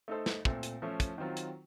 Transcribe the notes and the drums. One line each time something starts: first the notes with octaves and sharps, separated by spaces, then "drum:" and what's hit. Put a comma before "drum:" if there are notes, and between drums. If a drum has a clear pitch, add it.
A3 D#4 A4 C5
drum: snare
A#2 A3 C4, drum: kick
drum: hi-hat
F3 A3 C#4
drum: kick, hi-hat
D#3 F#3 C4 F4
drum: hi-hat